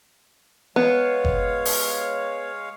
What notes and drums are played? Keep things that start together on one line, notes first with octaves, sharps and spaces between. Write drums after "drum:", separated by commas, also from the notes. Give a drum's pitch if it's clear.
G#3 B3 C#5 F5
drum: kick F#1
drum: open hi-hat